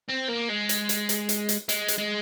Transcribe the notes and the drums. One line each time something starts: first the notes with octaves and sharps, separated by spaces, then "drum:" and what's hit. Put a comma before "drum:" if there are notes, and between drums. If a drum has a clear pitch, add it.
C4
A#3
G#3
drum: hi-hat
drum: hi-hat
drum: hi-hat
drum: hi-hat
drum: hi-hat
G#3, drum: hi-hat
drum: hi-hat
G#3